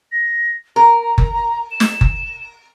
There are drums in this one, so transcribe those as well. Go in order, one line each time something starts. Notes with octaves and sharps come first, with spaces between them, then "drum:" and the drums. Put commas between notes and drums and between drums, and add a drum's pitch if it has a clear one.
A#6
A#4 A#5
drum: kick F#1
E7
drum: snare
drum: kick F#1